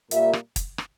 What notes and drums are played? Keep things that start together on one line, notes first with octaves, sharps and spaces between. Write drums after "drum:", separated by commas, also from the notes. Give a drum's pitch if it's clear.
A#2 G3 A#3 E5, drum: hi-hat
drum: rim click
drum: kick, hi-hat
drum: rim click